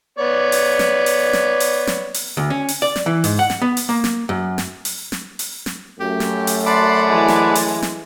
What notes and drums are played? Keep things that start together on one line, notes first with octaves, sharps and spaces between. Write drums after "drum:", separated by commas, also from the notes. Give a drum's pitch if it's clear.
B3 C#5 D5
drum: open hi-hat
drum: snare
drum: open hi-hat
drum: snare
drum: open hi-hat
drum: snare
drum: open hi-hat
D2
C#4
drum: open hi-hat
D5
drum: snare
E3
G#2, drum: open hi-hat
F#5
drum: snare
B3
drum: open hi-hat
A#3
drum: snare
F#2
drum: snare
drum: open hi-hat
drum: snare
drum: open hi-hat
drum: snare
F#2 A3 G4
drum: snare
drum: open hi-hat
D5 F#5 A5 B5 C6
E3 G#3
drum: snare
drum: open hi-hat
drum: snare